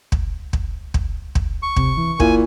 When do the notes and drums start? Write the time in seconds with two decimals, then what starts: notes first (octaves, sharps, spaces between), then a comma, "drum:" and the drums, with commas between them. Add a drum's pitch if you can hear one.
0.12 drum: kick
0.53 drum: kick
0.94 drum: kick
1.35 drum: kick
1.63 C#6
1.76 C3, drum: kick
1.97 E3
2.20 A#2 E4 G#5, drum: kick